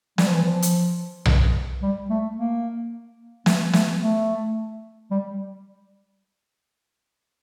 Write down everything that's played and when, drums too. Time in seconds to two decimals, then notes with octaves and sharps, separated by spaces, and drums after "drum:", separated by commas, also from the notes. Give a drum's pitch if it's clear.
0.18 G3, drum: snare
0.26 F3
0.35 E3
0.44 F3
0.62 drum: hi-hat
1.26 drum: tom B1
1.82 G3
2.10 A3
2.37 A#3
3.46 A3, drum: snare
3.73 A3, drum: snare
4.01 A3
5.11 G3